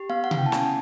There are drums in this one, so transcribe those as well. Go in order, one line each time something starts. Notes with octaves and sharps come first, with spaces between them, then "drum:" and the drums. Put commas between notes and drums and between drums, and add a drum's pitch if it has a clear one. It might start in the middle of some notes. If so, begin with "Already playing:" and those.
Already playing: G4
B3 F5
F#5
E4, drum: tom C3
G5
A5
C#4 G#5, drum: snare